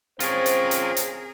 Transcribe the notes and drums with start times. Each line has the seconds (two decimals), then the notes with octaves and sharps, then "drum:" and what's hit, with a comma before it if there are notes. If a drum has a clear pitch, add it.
0.20 C4 C#4 F4 G#4 A#4 C5 C#5, drum: hi-hat
0.46 drum: hi-hat
0.71 drum: hi-hat
0.97 drum: hi-hat